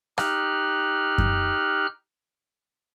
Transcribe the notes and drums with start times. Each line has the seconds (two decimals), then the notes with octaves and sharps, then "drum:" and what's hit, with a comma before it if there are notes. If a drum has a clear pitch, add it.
0.18 D#4 G4 F6 F#6, drum: rim click
1.18 drum: kick F#2